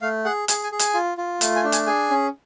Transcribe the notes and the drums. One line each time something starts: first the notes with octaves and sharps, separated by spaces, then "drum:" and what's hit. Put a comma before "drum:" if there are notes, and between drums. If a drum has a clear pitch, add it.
A3 F5
G#4 F#5
G#4 G#5, drum: hi-hat
G#5
G#4
G#5, drum: hi-hat
F4
F4
A3, drum: hi-hat
G#5
D4
G#5, drum: hi-hat
G#4 G#5
C#4